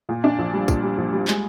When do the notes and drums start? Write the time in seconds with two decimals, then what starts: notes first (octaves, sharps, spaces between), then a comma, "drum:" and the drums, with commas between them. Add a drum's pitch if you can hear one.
0.09 A#2
0.24 D4
0.39 A#1
0.53 G3
0.68 A#2, drum: kick, tambourine
0.83 G3
0.98 A#1
1.13 G3
1.28 G#3, drum: clap